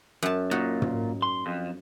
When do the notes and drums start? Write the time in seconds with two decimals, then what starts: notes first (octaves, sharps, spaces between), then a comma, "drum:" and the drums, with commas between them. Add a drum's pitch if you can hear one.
0.23 F#2 A5
0.51 A#2 D#4 F#4
0.82 drum: tom
1.22 C6
1.46 F2